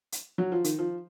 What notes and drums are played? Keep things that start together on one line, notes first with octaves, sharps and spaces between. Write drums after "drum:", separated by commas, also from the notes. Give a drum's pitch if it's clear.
drum: hi-hat
F#3
F3
D#3, drum: hi-hat
F3